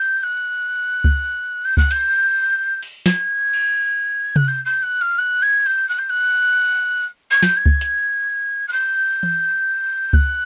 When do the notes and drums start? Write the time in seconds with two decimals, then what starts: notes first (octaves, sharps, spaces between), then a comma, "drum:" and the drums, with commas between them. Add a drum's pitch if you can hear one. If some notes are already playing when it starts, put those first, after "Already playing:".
Already playing: G6
0.23 F#6
1.04 drum: kick C#2
1.65 G6
1.77 F#6, drum: kick C#2
1.91 G6, drum: hi-hat
2.83 drum: open hi-hat
3.06 G#6, drum: snare
3.53 drum: cymbal
4.36 F#6, drum: tom C3
4.47 G6
4.65 G6
4.82 F#6
5.01 F6
5.18 F#6
5.42 G#6
5.66 G6
5.88 F#6
5.98 G6
6.09 F#6
7.30 G#6
7.43 G6, drum: snare
7.56 G#6
7.66 drum: kick C#2
7.81 drum: hi-hat
8.68 F#6
8.72 G6
9.23 drum: tom E3
10.13 F#6, drum: kick C#2